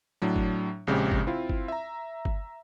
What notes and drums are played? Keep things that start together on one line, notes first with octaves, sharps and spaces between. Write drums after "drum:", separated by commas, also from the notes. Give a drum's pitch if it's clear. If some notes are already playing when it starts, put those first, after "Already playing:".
A2 F#3 D4
drum: kick G1
A#1 C#3 G#3 C4 G4
drum: kick G1
C4 E4 F4
drum: kick G1
E5 A#5
drum: kick G1